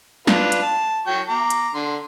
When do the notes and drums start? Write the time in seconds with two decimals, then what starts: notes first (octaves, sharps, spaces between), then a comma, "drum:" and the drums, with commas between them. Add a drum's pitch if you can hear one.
0.27 D4 F4 B4, drum: snare
0.52 drum: hi-hat
0.62 A5
1.07 F#3 G5 C#6
1.29 A#5 D6
1.50 drum: hi-hat
1.74 D3 C6